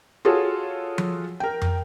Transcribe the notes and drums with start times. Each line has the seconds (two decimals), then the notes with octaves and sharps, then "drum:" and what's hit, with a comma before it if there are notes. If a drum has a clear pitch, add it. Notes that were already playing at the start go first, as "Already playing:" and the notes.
0.25 F4 F#4 G#4 A4 C#5
0.98 drum: tom F3
1.40 A#4 G5
1.62 drum: tom